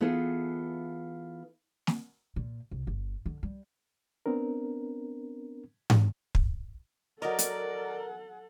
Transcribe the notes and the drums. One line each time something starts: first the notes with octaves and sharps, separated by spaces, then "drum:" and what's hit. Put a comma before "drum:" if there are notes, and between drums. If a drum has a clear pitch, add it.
E3 B3 F4 G#4 A4
drum: snare
A#2
C2
G1
D3
G3
B3 C4 D4 A#4
drum: tom G#2
drum: kick
F#3 A4 A#4 D5 D#5 F#5
drum: hi-hat